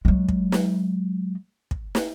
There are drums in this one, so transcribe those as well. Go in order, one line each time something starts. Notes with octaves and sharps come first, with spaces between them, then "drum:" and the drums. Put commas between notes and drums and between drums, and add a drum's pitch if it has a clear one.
F#3 G#3
drum: kick
drum: snare
drum: kick
drum: snare